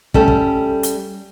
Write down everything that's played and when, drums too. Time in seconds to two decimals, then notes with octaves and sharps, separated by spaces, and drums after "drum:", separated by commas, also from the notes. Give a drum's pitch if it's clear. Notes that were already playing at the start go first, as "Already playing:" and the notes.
0.14 G3 A3 C#4 A4, drum: kick
0.28 drum: kick
0.83 drum: hi-hat